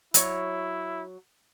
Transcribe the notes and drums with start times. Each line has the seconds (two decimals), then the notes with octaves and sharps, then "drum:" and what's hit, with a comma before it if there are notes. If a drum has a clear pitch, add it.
0.14 F#3 E4 C#5, drum: hi-hat